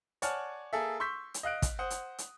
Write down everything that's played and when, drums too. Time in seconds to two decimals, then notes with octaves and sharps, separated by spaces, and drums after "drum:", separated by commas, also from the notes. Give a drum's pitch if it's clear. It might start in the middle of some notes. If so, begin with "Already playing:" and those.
0.22 C#5 D5 F#5 G#5 A5 F6, drum: hi-hat
0.73 A#3 G#4 A4 E5
1.00 C6 C#6 E6 G6 B6
1.34 drum: hi-hat
1.43 D#5 F5 F#6 D7
1.62 drum: kick, hi-hat
1.79 C5 F#5 D#6
1.90 drum: hi-hat
2.18 drum: hi-hat